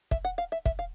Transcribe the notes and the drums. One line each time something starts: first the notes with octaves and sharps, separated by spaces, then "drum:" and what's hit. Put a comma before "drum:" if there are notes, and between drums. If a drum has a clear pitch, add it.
E5, drum: kick
F#5
F5
E5
E5, drum: kick
F5